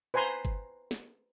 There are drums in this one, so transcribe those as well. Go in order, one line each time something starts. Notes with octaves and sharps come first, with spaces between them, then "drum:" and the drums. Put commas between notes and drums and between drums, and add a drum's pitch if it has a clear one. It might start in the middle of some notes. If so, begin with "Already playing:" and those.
B4 C5 G#5 A#5 C6
drum: kick G1
drum: snare